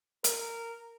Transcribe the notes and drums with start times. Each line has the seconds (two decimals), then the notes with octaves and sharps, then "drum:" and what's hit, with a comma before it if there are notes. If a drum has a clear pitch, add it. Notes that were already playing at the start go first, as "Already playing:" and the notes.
0.24 A#4, drum: hi-hat